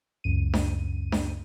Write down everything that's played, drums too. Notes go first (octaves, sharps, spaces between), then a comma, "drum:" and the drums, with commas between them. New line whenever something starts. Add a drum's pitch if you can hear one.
C#2 F#2 D#7
drum: snare D4
drum: snare D4